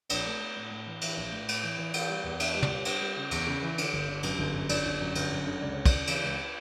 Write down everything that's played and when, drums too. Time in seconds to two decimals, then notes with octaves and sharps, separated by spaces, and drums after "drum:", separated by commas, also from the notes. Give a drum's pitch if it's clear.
0.09 A#1 D5, drum: cymbal
0.26 A3
0.40 A3
0.56 A2
0.71 A2
0.87 E3
1.01 E3 E5, drum: cymbal
1.17 A#1
1.32 A2
1.48 A2, drum: cymbal
1.63 E3
1.78 E3
1.94 E3 F5, drum: cymbal
2.10 G3
2.24 E2
2.40 E2 E5, drum: cymbal
2.51 D#5
2.55 G3
2.62 D5, drum: tom
2.70 G3 C#5
2.85 G3 C5, drum: cymbal
3.01 G3
3.16 C#3
3.31 E2, drum: cymbal
3.47 C#3
3.62 E3
3.78 D3, drum: cymbal
3.93 G1
4.08 D3
4.23 F#2, drum: cymbal
4.39 G1
4.53 F#2
4.69 G1 D5, drum: cymbal
4.85 G1
5.00 F#2
5.15 G1, drum: cymbal
5.31 F#2
5.46 D3
5.61 C#2 D5
5.73 C#3 C#5
5.86 D5, drum: kick, cymbal
5.92 C#3
6.07 E3, drum: cymbal
6.22 C#2